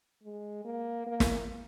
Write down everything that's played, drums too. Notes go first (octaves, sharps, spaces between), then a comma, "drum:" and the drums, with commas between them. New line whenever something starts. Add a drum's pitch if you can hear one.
G#3
A#3
A#3
drum: snare